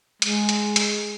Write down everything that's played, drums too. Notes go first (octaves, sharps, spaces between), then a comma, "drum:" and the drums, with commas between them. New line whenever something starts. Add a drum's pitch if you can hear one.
G#3, drum: hi-hat
drum: hi-hat
drum: hi-hat